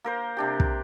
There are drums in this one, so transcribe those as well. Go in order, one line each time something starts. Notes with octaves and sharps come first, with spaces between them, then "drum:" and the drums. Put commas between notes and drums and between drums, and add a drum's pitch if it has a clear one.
A#3 A#4 C5
C3 D4 G4
drum: kick